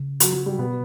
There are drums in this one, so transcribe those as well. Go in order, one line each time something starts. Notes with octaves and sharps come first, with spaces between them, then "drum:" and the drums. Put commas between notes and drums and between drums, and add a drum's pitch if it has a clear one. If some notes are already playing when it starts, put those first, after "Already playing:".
Already playing: C#3
F#3, drum: hi-hat
F#3
G3
B2 B3